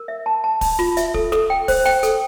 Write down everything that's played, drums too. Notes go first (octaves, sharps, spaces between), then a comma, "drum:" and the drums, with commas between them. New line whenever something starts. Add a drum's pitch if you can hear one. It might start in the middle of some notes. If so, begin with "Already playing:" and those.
Already playing: A#4
E5
A5
A5
A5, drum: kick, open hi-hat
F4, drum: snare
E5, drum: hi-hat
A4, drum: kick
A4, drum: snare
G5
C5, drum: kick, open hi-hat
G5, drum: snare
A4, drum: hi-hat